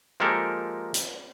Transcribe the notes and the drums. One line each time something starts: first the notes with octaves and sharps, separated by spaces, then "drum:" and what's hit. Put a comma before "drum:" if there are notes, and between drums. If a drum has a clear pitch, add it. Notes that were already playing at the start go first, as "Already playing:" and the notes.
F3 G#3 A#3 G4 A4 A#4
drum: hi-hat